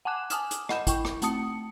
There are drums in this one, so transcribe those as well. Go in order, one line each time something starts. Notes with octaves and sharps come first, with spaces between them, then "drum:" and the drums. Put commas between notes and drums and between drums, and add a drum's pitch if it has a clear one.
F#5 G#5 A5 D6 F#6 E7
G#5 A5 D6 D#6 F6 E7, drum: hi-hat
drum: hi-hat
D#5 F#5 B5 G6 E7, drum: rim click
E4 G5 C#6, drum: kick, hi-hat
drum: rim click
A3 C4 A5 D#6 C#7, drum: hi-hat